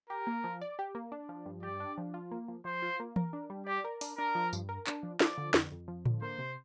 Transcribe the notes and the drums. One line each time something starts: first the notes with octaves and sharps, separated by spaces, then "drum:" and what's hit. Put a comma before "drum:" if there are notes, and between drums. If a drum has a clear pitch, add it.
G4 A#4
A#3
F3
D5
G4
A#3
D4
F3
G2
G4 D5
D4
F3
F4
A#3
F3
F3 C5
F4
A#3
A#4, drum: tom E3
D4
G3
G4 D5
A#4
D4, drum: open hi-hat
D4 A#4
F3
G2, drum: tambourine
A#4
D4, drum: clap
F3
F3 D5, drum: snare
D3
F2, drum: snare
F2
F3
D3, drum: tom A2
A#3 C5
C3